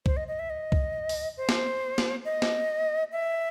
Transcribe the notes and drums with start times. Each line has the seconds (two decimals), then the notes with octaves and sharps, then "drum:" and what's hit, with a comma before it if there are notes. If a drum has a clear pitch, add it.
0.06 C5, drum: kick C2
0.17 D#5
0.28 D#5
0.39 E5
0.50 D#5
0.72 drum: kick C2
1.09 drum: open hi-hat
1.37 C5
1.49 drum: snare
1.98 drum: snare
2.25 D#5
2.42 drum: snare
3.12 E5